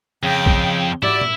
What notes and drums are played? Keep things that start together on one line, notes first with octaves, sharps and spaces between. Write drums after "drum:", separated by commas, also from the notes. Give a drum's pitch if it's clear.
F2 C#3 G5
drum: kick
E4 F#4 G4 D5, drum: tom
drum: tom